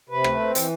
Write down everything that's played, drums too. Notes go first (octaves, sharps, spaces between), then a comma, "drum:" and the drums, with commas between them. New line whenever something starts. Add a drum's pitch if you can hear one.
C3 B4
A3, drum: rim click
C4
E3, drum: hi-hat